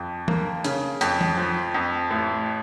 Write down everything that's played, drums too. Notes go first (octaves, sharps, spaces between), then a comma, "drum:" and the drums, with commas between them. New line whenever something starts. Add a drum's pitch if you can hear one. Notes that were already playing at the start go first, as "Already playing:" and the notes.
Already playing: F2 F3
A#3, drum: tom E3
C#3, drum: hi-hat
F2, drum: hi-hat
drum: tom E3
F3
F2
A1